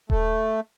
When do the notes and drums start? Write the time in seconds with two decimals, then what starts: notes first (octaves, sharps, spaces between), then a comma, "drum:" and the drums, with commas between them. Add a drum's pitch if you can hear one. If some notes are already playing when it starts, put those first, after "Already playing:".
0.10 A3, drum: kick D#1